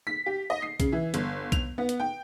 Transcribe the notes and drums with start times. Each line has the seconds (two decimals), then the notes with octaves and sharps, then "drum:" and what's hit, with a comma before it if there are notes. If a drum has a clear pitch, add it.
0.07 B6
0.26 G4
0.50 D#5
0.62 C7
0.80 C#3, drum: kick B1, hi-hat
0.92 E3
1.14 G1, drum: hi-hat
1.52 F7, drum: kick B1, hi-hat
1.78 B3
1.89 drum: hi-hat
2.00 G5